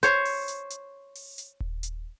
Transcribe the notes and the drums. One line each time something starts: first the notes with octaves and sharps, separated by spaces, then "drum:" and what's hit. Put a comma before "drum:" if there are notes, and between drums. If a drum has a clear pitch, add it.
C5 C#5, drum: hi-hat
drum: open hi-hat
drum: hi-hat
drum: hi-hat
drum: open hi-hat
drum: hi-hat
drum: kick D#1
drum: hi-hat